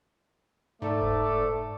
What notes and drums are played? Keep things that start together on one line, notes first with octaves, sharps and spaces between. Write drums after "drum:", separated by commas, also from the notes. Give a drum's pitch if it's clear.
G#2 A3 A4 D5
drum: kick F1